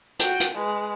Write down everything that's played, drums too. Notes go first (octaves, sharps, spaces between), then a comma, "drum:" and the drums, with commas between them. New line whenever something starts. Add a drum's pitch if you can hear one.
F#4 G5, drum: hi-hat
drum: hi-hat
G#3 B4